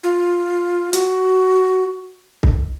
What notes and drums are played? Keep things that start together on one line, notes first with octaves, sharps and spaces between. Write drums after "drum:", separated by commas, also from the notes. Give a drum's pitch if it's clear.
F4
F#4, drum: hi-hat
drum: kick C2